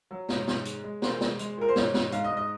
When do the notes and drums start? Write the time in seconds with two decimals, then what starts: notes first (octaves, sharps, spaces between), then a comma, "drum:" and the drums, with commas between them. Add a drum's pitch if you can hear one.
0.11 F#3
0.29 G#2 C#5, drum: snare
0.47 G#2, drum: snare
0.65 G#3, drum: hi-hat
0.83 G#3
1.02 A#2 C5, drum: snare
1.21 G#3, drum: snare
1.39 G#3, drum: hi-hat
1.57 A#2 A#4
1.68 C5
1.76 G#2 C#5, drum: snare
1.94 G#2, drum: snare
2.12 G#2 F5, drum: hi-hat
2.24 D#5
2.31 G#2
2.37 D#5